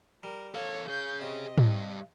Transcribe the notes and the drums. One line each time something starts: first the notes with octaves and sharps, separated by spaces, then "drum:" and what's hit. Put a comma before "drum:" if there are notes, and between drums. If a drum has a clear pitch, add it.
G3 A#4
E2 A#3 A4 C#5
G#4 C#5 G6
C3 D#5
G2, drum: tom